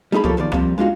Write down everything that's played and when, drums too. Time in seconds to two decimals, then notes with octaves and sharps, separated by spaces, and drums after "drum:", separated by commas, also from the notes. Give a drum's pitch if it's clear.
0.12 G3 A3 D#4 G#4 B5
0.24 F3 A#3 G4 A4 C#5, drum: kick C2
0.37 E2 D#3 F3 A#4 D5
0.53 F3 G3 A#3 C4, drum: kick C2
0.78 G#3 D4 D#4 F4 F#4